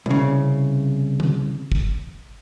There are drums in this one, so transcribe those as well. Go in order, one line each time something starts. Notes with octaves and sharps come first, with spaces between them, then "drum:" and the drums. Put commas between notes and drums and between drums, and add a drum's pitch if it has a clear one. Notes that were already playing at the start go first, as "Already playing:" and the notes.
C2 C#3, drum: tom
drum: tom
drum: kick